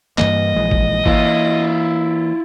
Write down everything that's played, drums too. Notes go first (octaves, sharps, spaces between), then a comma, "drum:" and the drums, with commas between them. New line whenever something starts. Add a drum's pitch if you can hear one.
G2 E3 A#3 D#5, drum: clap
A#1 E3 G#3
drum: kick G#1
E3 A#3 E4 F4, drum: kick G#1